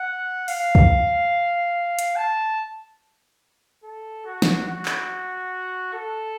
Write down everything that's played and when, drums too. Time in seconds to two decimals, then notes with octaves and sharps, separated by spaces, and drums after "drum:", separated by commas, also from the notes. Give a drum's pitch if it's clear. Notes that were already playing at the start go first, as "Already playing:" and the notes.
Already playing: F#5
0.48 F5, drum: open hi-hat
0.75 drum: kick
1.99 drum: hi-hat
2.16 A5
3.84 A4
4.26 F#4
4.42 drum: snare
4.67 F#4
4.86 drum: clap
5.93 A4